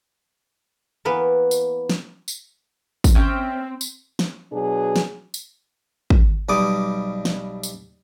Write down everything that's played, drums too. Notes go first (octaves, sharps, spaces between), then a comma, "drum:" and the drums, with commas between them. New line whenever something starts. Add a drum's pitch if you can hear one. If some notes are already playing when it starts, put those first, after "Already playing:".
E3 A#3 B3 B4
drum: tambourine
drum: snare
drum: tambourine
drum: kick, tambourine
C4 C#4 E5 G5
drum: tambourine
drum: snare
B2 F#3 D4 G#4
drum: snare
drum: tambourine
drum: kick
B1 G3 D6 D#6
drum: snare
drum: tambourine